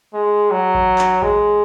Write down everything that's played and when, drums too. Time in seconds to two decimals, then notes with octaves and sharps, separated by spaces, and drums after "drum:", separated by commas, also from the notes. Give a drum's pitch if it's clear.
0.14 G#3
0.51 F#3
0.75 drum: kick A1
0.98 drum: clap
1.22 G#3, drum: kick A1